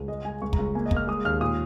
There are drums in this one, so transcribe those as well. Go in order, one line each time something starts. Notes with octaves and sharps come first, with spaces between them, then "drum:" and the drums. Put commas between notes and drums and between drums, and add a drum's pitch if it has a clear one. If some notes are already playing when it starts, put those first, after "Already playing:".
Already playing: C#2
G#3 D#5
G#3 G#5
C#2 C#6
A#5, drum: kick
C#2
A#3 G#5
D#5
A#3, drum: kick
F6
G#3 D#6
D#2 F6
A#2 D#6